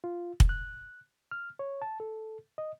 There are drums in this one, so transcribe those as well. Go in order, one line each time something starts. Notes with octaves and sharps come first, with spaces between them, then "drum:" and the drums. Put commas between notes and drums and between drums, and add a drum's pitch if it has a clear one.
F4
drum: kick
F#6
F6
C#5
A5
A4
D#5